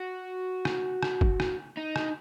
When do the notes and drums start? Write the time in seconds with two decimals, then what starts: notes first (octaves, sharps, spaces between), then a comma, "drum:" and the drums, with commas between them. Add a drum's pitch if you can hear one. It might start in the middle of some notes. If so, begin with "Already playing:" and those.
Already playing: F#4
0.65 drum: rim click
1.03 drum: rim click
1.21 drum: kick
1.40 drum: rim click
1.77 D#4
1.96 drum: rim click